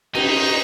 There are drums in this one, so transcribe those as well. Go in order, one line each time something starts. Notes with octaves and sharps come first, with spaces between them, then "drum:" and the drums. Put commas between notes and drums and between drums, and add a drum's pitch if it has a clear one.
D#4, drum: cymbal